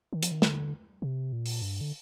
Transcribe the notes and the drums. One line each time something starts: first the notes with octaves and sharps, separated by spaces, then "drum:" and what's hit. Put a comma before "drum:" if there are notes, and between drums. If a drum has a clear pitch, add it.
D#3
F3, drum: hi-hat
D#3
D3, drum: snare
C3
A#2
drum: open hi-hat
G2
D3